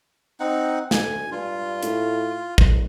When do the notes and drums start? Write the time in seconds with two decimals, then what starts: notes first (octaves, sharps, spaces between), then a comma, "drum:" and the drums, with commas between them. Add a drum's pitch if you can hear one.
0.40 C4 D#4 F#5
0.91 D2 G#5, drum: snare
1.32 G2 F4
1.83 A2, drum: hi-hat
2.58 D1, drum: kick